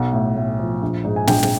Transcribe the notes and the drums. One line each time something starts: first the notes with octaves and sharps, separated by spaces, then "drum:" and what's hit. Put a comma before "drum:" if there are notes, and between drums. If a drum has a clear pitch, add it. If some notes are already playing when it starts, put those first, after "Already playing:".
Already playing: B1 F#5
A2
A2
F3
A#1
G#2
G#5
A#1 G5, drum: snare
drum: snare